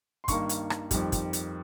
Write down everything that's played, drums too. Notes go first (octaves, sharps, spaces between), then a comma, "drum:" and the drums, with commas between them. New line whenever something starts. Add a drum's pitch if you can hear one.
C6
G2 D#3 A#3 C#6, drum: kick, hi-hat
drum: hi-hat
drum: rim click
F2 D#3 G3, drum: kick, hi-hat
drum: kick, hi-hat
drum: hi-hat